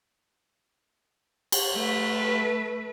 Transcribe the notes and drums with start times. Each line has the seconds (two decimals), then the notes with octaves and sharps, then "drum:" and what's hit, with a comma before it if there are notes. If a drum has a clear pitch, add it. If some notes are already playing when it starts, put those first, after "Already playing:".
1.52 drum: cymbal
1.75 A3 B4